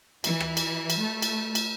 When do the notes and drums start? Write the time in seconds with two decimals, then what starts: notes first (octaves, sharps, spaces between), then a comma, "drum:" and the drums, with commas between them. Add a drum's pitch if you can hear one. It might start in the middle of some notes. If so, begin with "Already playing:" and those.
0.24 E3, drum: cymbal
0.40 drum: rim click
0.57 drum: cymbal
0.90 drum: cymbal
1.00 A3
1.22 drum: cymbal
1.55 drum: cymbal